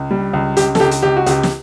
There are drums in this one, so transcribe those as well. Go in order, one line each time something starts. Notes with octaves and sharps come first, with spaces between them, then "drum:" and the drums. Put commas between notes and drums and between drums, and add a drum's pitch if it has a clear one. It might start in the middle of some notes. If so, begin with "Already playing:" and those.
Already playing: C#2
G3
C#2
C#2 G4, drum: hi-hat
A4, drum: snare
C#2 G4
drum: hi-hat
C#2 G4
F#4
C#2 G4, drum: hi-hat
drum: snare